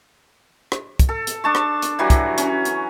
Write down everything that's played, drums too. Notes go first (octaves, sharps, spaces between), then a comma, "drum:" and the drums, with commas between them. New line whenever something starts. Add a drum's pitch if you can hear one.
drum: rim click
drum: kick, hi-hat
A4
drum: hi-hat
D4 A5 C#6
drum: rim click
drum: hi-hat
E3 F#3 G3 F#4
drum: kick, hi-hat
C#4, drum: hi-hat
drum: hi-hat